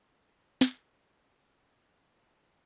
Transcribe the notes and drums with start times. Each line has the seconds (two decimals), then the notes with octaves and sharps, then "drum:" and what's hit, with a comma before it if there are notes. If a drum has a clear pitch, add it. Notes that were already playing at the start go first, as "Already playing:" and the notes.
0.61 drum: snare
1.11 C4 C#4 G#4
2.07 F3 G#3 A3 A#4